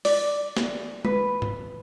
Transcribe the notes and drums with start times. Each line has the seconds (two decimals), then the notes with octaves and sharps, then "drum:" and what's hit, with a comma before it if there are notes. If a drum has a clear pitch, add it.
0.05 D5, drum: open hi-hat
0.57 drum: snare
1.05 B4, drum: tom G#3
1.42 drum: tom G2